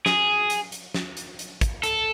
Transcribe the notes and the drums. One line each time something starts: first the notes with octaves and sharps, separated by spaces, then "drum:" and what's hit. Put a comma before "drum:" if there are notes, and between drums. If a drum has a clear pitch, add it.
G#4, drum: snare
drum: hi-hat
drum: hi-hat
drum: snare
drum: hi-hat
drum: hi-hat
drum: kick, hi-hat
A4, drum: hi-hat